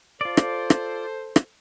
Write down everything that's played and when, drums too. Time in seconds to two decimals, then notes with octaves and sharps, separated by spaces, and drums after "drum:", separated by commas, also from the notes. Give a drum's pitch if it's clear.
0.21 F4 A4 C5 D5
0.37 drum: rim click
0.70 drum: rim click
1.36 drum: rim click